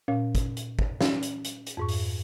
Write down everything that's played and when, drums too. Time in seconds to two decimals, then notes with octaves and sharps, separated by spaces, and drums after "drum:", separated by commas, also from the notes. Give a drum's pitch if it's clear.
0.08 A#2 C#4 F5
0.35 drum: kick, hi-hat
0.57 drum: hi-hat
0.79 drum: kick
1.01 C#4, drum: snare
1.23 drum: hi-hat
1.44 drum: hi-hat
1.66 drum: hi-hat
1.77 F2 G#2 C#6
1.88 drum: open hi-hat